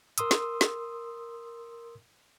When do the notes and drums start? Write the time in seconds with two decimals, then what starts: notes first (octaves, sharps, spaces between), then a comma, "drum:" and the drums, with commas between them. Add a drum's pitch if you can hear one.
0.18 A#4 C6 D#6 E6, drum: hi-hat
0.31 drum: snare
0.61 drum: snare